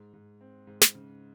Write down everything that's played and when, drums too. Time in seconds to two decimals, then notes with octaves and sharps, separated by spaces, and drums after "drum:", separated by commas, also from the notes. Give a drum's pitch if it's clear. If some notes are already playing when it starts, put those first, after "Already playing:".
Already playing: G#2
0.13 G#2
0.41 C4
0.67 G#2
0.81 drum: snare
0.95 C#3